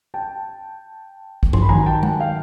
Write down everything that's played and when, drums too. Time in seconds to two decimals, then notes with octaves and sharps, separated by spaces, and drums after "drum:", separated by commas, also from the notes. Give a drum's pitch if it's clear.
0.14 G5 A5
1.43 drum: kick A1
1.53 C6, drum: tom G2
1.62 B5
1.69 D#2 D#3 F#3 G#5 A#5
1.86 G5 A5
2.03 F#5 G#5, drum: tom G#3
2.20 F5 G5